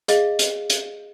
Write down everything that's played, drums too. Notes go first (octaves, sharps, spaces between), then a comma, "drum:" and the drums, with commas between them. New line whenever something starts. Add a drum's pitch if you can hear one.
G#4 D#5 F5, drum: hi-hat
drum: hi-hat
drum: hi-hat